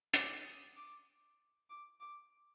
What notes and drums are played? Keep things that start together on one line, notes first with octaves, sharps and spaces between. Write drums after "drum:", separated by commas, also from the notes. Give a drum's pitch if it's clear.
D6, drum: hi-hat
D#6
D6
D6
D6